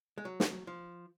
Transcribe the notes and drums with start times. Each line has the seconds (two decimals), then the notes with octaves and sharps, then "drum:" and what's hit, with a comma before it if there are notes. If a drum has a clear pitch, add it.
0.18 G#3
0.25 F#3
0.40 drum: snare
0.67 F3